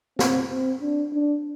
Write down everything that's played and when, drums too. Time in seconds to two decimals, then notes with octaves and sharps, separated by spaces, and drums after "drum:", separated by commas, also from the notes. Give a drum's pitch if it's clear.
0.19 C4, drum: snare
0.50 C4
0.81 D4
1.13 D4